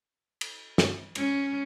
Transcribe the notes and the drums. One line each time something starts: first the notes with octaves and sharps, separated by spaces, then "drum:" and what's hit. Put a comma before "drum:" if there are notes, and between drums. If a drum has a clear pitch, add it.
drum: cymbal
drum: snare
C#4, drum: cymbal